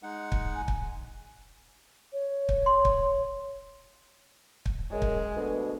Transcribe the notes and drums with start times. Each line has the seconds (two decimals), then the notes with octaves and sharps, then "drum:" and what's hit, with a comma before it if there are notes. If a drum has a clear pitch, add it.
0.03 G#3 D#4 F#5
0.32 drum: kick
0.55 G#5
0.68 drum: kick
2.12 C#5
2.49 drum: kick
2.66 C6
2.85 drum: kick
4.66 drum: kick
4.92 F#2 G#3
5.02 drum: kick
5.35 D2 B2